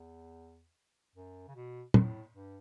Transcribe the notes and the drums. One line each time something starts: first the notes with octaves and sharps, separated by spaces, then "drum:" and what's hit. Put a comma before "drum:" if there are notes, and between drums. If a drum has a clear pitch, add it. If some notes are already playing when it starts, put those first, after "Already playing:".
Already playing: E2
F#2
C#3
B2
A2, drum: tom
G2